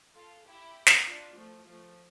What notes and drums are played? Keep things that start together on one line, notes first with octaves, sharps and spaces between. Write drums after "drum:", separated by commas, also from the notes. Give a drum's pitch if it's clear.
F4 A4
E4 G4
drum: snare
D4 F4
F3 A3
F3 A3